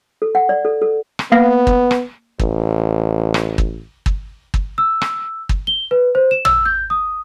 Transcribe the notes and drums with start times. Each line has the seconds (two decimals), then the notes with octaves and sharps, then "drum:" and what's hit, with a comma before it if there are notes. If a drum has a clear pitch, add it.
0.22 A4
0.35 F#5
0.49 D5
0.65 A4
0.81 A4
1.19 drum: rim click
1.32 A#3 B3 F5 A#6
1.67 drum: kick
1.91 drum: rim click
2.39 A1, drum: kick
3.34 drum: rim click
3.58 drum: kick
4.06 drum: kick
4.54 drum: kick
4.78 E6
5.02 drum: rim click
5.49 drum: kick
5.67 G7
5.91 B4
6.15 C5
6.31 E7
6.45 E6, drum: tom
6.66 G6
6.90 D#6